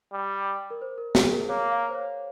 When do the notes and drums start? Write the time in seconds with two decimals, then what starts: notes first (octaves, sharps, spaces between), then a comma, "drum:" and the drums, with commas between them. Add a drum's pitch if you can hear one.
0.13 G3
0.70 A#4
0.82 C5
0.98 A#4
1.15 G#4, drum: snare
1.32 A#4
1.49 A#3 C#5
1.71 F5
1.89 C5
1.94 C#5